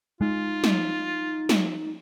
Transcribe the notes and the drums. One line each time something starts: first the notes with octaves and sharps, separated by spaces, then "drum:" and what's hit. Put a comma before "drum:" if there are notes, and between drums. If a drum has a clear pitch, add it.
G#3 D#4 F4
drum: snare
drum: snare